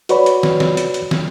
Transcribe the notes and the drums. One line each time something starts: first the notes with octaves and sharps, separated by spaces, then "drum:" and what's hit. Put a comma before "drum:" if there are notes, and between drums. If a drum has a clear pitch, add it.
F#4 B4 C#5 D5 B5, drum: hi-hat
drum: hi-hat
drum: snare
drum: snare
drum: hi-hat
drum: hi-hat
drum: snare